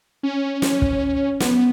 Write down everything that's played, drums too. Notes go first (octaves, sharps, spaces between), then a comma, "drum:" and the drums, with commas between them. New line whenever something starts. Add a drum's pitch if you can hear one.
C#4
drum: snare
drum: kick
B3, drum: snare